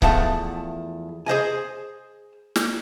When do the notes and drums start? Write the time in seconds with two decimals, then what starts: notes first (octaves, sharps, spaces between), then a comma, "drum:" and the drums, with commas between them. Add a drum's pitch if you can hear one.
0.02 E2 F3 A3 F#5 A5, drum: kick C#1
1.26 G#4 C5 D#5 G#5
2.56 drum: snare